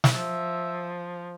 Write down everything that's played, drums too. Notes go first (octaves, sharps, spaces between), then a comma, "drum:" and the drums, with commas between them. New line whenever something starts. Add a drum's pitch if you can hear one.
drum: snare
F3 E5